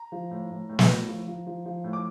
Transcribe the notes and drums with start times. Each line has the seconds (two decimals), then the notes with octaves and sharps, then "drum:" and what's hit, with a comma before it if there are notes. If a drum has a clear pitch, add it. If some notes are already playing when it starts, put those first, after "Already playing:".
Already playing: A#5
0.12 F3
0.31 A2
0.51 A2
0.69 A2
0.79 drum: snare
0.89 A2
1.08 F3
1.27 F3
1.46 F3
1.65 F3
1.84 A2
1.93 D6